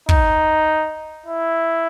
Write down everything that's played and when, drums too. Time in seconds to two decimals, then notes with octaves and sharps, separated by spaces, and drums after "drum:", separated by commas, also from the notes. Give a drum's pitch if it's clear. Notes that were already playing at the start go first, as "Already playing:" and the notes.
0.09 D#4, drum: kick
1.26 E4